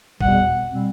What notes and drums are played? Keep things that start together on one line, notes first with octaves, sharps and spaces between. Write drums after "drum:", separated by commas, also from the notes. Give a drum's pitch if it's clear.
E2 B2 G3 F#5, drum: kick
B2 G3 C4